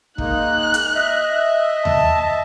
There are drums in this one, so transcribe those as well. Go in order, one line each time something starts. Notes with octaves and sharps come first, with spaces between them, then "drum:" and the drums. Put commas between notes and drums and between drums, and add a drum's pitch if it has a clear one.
G#3 A#3 D#4 F#6, drum: kick
drum: hi-hat
D#5 E5
A5, drum: tom D#2